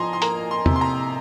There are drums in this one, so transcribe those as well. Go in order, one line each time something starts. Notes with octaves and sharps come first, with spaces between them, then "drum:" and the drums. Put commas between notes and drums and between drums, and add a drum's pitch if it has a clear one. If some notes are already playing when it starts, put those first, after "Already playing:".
Already playing: F3 D#5 G#5 A#5 C6
C6
A#3 A#5, drum: hi-hat
C6
C3, drum: tom E2
C6
A#5